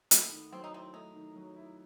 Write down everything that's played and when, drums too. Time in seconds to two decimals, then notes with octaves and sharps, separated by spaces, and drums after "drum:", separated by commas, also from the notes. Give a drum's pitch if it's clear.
0.11 A3 B3, drum: hi-hat
0.31 D#3
0.52 F#3 C4
0.64 D#4
0.73 C4 E4
0.93 A3 D#4
1.14 D#3
1.36 F#3
1.56 E4